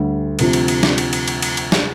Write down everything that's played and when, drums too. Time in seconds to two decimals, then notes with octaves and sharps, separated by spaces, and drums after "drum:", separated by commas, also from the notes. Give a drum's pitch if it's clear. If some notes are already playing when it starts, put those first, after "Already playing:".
Already playing: D2 D3 G3
0.39 D2 C3 F3 C4, drum: cymbal
0.53 drum: cymbal
0.68 drum: cymbal
0.83 drum: snare
0.98 drum: cymbal
1.13 drum: cymbal
1.28 drum: cymbal
1.42 drum: cymbal
1.57 drum: cymbal
1.72 drum: snare